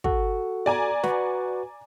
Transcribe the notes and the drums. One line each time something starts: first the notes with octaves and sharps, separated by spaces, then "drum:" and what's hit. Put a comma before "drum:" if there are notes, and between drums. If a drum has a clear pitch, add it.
F#4 A4 F#5, drum: kick
D5 G#5 A#5
F#4 B4, drum: snare